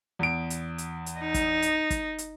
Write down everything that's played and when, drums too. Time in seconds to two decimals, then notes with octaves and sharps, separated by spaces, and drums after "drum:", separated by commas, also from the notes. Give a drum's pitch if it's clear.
0.19 E2 D7
0.50 drum: hi-hat
0.78 drum: hi-hat
1.06 drum: hi-hat
1.20 D#4
1.34 drum: kick, hi-hat
1.62 drum: hi-hat
1.90 drum: kick, hi-hat
2.18 drum: hi-hat